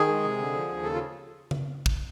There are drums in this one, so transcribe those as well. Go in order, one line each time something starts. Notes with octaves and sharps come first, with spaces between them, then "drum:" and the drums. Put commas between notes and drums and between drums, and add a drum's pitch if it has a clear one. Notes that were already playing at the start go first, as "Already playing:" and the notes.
Already playing: D#3 G#4
G#3
C3
D3
F3
D#2
C#3 A4
F4
drum: tom C#3
drum: kick